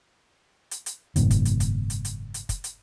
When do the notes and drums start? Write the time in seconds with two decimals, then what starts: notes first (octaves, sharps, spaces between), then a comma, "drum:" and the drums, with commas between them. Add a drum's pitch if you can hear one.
0.71 drum: hi-hat
0.86 drum: hi-hat
1.16 F#1 G#2 B2 D#3, drum: hi-hat
1.31 drum: kick, hi-hat
1.45 drum: hi-hat
1.60 drum: kick, hi-hat
1.90 drum: hi-hat
2.05 drum: hi-hat
2.34 drum: hi-hat
2.49 drum: kick, hi-hat
2.64 drum: hi-hat